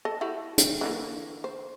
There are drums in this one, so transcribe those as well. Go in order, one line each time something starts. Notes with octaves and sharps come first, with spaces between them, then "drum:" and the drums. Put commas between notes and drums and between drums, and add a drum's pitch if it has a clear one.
A4 D#5 A5
E4 F#4 G4
drum: hi-hat
D3 E3 A#3
C5